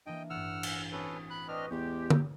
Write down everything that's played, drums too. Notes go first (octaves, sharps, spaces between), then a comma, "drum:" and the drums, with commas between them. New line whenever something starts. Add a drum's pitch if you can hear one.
E3 A#3 D4 D#5 G5
A1 G2 F#5 E6 F6
drum: cymbal
C4 C#4 F#4 A4 B4 D#6
B5 F#6
C4 D4 B4 D#5 C#6 D6 F6
E2 G#3 G4
drum: tom